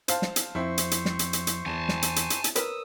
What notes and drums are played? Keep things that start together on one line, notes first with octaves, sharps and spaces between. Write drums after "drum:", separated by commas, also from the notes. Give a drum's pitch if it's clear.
C5 F5 A5, drum: hi-hat
drum: snare
drum: hi-hat
F2 C4 E4 C5 C#6
drum: hi-hat
drum: hi-hat
drum: snare
drum: hi-hat
drum: hi-hat
drum: hi-hat
E2 E3 G#5 A5
drum: snare
drum: hi-hat
drum: hi-hat
drum: hi-hat
drum: hi-hat
A#4 B4 C#5 D#6 E6, drum: hi-hat